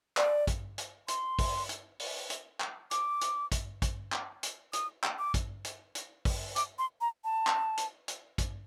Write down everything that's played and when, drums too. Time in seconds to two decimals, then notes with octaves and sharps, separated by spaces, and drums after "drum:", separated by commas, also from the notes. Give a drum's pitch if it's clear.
0.17 D5, drum: clap
0.47 drum: kick, hi-hat
0.78 drum: hi-hat
1.08 C6, drum: hi-hat
1.39 drum: kick, open hi-hat
1.69 drum: hi-hat
1.99 drum: open hi-hat
2.30 drum: hi-hat
2.60 drum: clap
2.91 D6, drum: hi-hat
3.21 drum: hi-hat
3.52 drum: kick, hi-hat
3.82 drum: kick, hi-hat
4.12 drum: clap
4.43 drum: hi-hat
4.73 D#6, drum: hi-hat
5.04 drum: clap
5.19 D6
5.34 drum: kick, hi-hat
5.64 drum: hi-hat
5.95 drum: hi-hat
6.25 drum: kick, open hi-hat
6.56 D6, drum: hi-hat
6.79 C6
7.01 A#5
7.24 A5
7.47 drum: clap
7.77 drum: hi-hat
8.08 drum: hi-hat
8.38 drum: kick, hi-hat